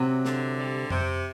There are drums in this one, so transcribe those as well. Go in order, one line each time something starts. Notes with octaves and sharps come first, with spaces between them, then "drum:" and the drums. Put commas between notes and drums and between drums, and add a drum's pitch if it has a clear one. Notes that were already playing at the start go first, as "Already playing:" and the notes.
Already playing: C3 F#3
D3, drum: snare
G3
C3, drum: tom F2